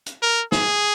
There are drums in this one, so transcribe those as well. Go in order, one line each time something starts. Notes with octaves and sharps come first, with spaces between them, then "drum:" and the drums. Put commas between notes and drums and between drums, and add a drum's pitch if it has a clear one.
drum: hi-hat
A#4
G#4, drum: snare